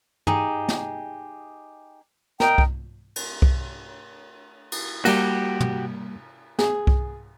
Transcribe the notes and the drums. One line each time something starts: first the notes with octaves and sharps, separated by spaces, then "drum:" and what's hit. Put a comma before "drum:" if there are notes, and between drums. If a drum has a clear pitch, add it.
D#4 G4 G#4, drum: tom
drum: snare
A#4 D#5 G5, drum: snare
drum: kick C2
drum: cymbal
drum: kick C2
drum: cymbal
G3 A#3 F#4 G4, drum: cymbal
drum: tom
G#4, drum: snare
drum: kick C2